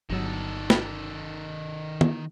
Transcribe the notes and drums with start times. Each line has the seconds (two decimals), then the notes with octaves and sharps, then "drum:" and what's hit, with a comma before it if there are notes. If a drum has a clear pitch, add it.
0.10 G1 D#3 F#3 A4
0.70 drum: snare
2.01 drum: tom D#3